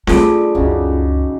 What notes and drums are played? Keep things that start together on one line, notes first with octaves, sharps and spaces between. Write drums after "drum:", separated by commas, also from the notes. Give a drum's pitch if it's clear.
G3 A3 D4 F4 G#4 A4, drum: snare C4
C#2 F#2 C#3 D#4 F#4